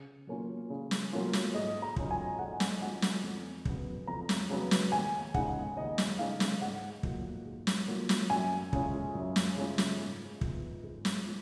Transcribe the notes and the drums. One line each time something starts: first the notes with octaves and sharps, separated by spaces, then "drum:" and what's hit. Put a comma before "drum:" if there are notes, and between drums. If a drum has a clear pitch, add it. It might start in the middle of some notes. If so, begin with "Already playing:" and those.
Already playing: C#3
F#3 A#3 C#4 F4
C#3
drum: snare
F#3 A#3 C#4 F4
drum: snare
G#2 D#5
A#5
F#3 C#4 F4, drum: kick
G#5
G#2 F#5
drum: snare
F#3 C#4 F4 F#5
drum: snare
F2
C#3 F#3 B3, drum: kick
F2 A#5
drum: snare
C#3 F#3 B3
drum: snare
D#2 G#5
C#3 G#3 D#4 F#5, drum: kick
D#2 D#5
drum: snare
C#3 G#3 D#4 F5
drum: snare
G#2 F#5
F#3 A#3 F4, drum: kick
G#2
drum: snare
F#3 A#3 F4
drum: snare
F#2 G#5
C#3 G#3 C#4 F4, drum: kick
F#2
drum: snare
C#3 G#3 C#4 F4
drum: snare
G#2
F3 B3 F4, drum: kick
G#2
drum: snare
F3